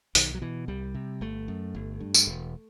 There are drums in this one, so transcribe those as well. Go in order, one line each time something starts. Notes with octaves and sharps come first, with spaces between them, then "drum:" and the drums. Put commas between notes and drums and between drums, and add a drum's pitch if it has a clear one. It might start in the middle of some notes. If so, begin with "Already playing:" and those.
B1 D#3, drum: open hi-hat
F#3
B2 E3
C2 G3
C3
G1 A3
F#2
G1
G2
drum: tambourine
E1